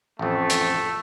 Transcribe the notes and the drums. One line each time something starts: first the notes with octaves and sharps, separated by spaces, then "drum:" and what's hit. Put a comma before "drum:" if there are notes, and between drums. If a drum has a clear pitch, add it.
A1 F2 A3
drum: hi-hat